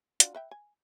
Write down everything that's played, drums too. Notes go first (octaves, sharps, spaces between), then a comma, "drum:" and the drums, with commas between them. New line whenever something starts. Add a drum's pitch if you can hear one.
D4 F4 F#4, drum: hi-hat
B4 E5 G5
G#5